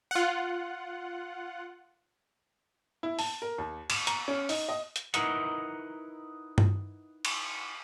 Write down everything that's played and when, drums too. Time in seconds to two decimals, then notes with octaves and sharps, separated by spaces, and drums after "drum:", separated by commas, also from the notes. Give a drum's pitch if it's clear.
0.11 F4 F#5
3.03 E4
3.19 A5, drum: open hi-hat
3.42 A#4
3.58 D#2
3.90 E7, drum: cymbal
4.07 A#5, drum: hi-hat
4.28 C#4
4.49 D#4, drum: open hi-hat
4.69 D#5
4.96 drum: hi-hat
5.14 D#4 E4 A#4 B4 D#5 F#5, drum: hi-hat
6.58 drum: tom G2
7.25 drum: cymbal